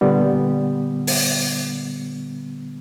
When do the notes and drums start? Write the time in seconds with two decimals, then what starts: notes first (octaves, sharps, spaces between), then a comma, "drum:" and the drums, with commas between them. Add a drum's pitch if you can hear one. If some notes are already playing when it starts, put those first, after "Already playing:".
0.01 A#2 D3 G3 B3
1.07 drum: open hi-hat